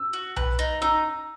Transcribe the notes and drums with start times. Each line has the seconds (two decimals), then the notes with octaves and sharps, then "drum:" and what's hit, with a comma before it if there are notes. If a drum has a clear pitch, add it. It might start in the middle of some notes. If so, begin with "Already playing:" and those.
Already playing: E6
0.13 F#4
0.36 B4, drum: tom B1
0.59 D#4
0.81 D#4 E6